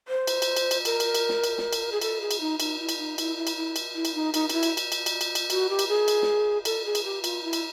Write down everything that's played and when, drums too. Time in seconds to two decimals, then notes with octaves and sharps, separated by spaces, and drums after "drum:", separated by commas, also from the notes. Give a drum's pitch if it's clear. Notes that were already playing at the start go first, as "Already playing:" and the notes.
0.08 C5
0.27 drum: cymbal
0.42 drum: cymbal
0.56 drum: cymbal
0.71 drum: cymbal
0.85 A#4, drum: cymbal
1.00 drum: cymbal
1.15 drum: cymbal
1.29 drum: snare
1.44 drum: cymbal
1.58 drum: snare
1.73 drum: cymbal
1.92 G#4
2.01 A4, drum: cymbal
2.21 G#4
2.31 drum: cymbal
2.40 D#4
2.60 D#4, drum: cymbal
2.80 E4
2.89 drum: cymbal
2.98 D#4
3.18 E4, drum: cymbal
3.37 E4
3.47 drum: cymbal
3.57 E4
3.76 drum: cymbal
3.95 E4
4.05 drum: cymbal
4.15 D#4
4.34 D#4, drum: cymbal
4.50 D#4, drum: cymbal
4.53 E4
4.63 drum: cymbal
4.77 drum: cymbal
4.92 drum: cymbal
5.06 drum: cymbal
5.21 drum: cymbal
5.35 drum: cymbal
5.50 F#4, drum: cymbal
5.69 G4
5.79 drum: cymbal
5.88 G#4
6.08 drum: cymbal
6.22 drum: snare
6.65 A4, drum: cymbal
6.85 G#4
6.95 drum: cymbal
7.05 G4
7.24 F4, drum: cymbal
7.44 E4
7.53 drum: cymbal